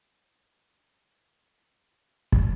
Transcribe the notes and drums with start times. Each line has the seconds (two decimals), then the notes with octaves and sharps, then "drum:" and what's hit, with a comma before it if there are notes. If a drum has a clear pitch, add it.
0.18 G#4 D5 E5
1.18 A3 C4 C#4 D#4
1.99 E4 C#5 A5
2.32 drum: kick